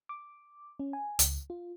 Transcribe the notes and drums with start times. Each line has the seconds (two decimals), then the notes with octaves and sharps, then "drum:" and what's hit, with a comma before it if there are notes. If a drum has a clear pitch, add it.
0.09 D6
0.79 C#4
0.93 G#5
1.19 C#2, drum: hi-hat
1.50 F4